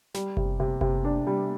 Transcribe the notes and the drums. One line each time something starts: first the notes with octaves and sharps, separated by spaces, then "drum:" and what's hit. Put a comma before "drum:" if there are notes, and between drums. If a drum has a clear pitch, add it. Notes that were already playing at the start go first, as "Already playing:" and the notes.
G3, drum: snare
C3, drum: kick F#1
C3
C3, drum: kick F#1
D4
G3